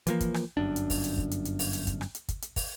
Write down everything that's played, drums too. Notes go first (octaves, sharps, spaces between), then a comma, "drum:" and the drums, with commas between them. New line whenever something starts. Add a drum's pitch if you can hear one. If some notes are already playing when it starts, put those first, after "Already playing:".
E3 F3 A#3, drum: hi-hat
drum: kick, hi-hat
drum: rim click
G1 F#2 D4
drum: hi-hat
drum: kick, open hi-hat
drum: hi-hat
drum: kick
drum: hi-hat
drum: hi-hat
drum: open hi-hat
drum: hi-hat
drum: kick, hi-hat
drum: rim click
drum: hi-hat
drum: kick, hi-hat
drum: hi-hat
drum: kick, open hi-hat